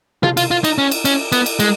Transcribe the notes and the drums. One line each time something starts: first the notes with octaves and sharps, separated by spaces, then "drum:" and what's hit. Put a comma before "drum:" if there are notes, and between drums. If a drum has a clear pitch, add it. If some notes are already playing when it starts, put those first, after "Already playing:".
F4, drum: tom C3
F4, drum: cymbal
F4
D#4, drum: cymbal
C#4
drum: cymbal
C#4, drum: cymbal
B3, drum: cymbal
drum: cymbal
G#3, drum: cymbal